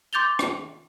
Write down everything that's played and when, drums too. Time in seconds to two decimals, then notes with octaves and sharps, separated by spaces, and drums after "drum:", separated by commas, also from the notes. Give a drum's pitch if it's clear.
0.13 C6 D6 G6 A6 F7 G7
0.39 drum: rim click